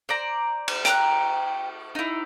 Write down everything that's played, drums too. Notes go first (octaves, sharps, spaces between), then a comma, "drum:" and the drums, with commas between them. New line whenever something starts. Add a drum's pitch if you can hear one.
C5 D5 A#5
drum: cymbal
G5 A#5 F#6, drum: hi-hat
D#4 E4